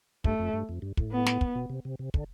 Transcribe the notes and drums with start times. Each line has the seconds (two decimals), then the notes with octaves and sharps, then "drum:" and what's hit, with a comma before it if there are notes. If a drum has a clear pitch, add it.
0.24 G2 A3, drum: kick
0.39 F2
0.53 G2
0.69 F2
0.82 G2
0.97 A2, drum: kick
1.12 B3
1.26 drum: snare
1.41 drum: kick
1.55 B2
1.70 C3
1.85 C3
1.99 C3
2.14 D3, drum: kick